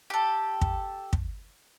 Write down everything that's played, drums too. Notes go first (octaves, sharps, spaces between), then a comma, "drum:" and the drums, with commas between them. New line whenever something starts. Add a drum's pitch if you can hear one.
G4 A4
drum: kick
drum: kick